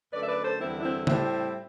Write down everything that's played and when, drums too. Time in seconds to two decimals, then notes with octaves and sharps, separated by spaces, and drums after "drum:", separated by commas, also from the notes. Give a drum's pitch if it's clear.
0.12 F#2 D3 A3 B4 D5
0.21 E5
0.28 B4 D5
0.44 A4 C5
0.60 E2 D3 G3 C4 E4
0.78 D4
0.83 C4 E4
1.07 A2 G3 C4 E4, drum: tom C#3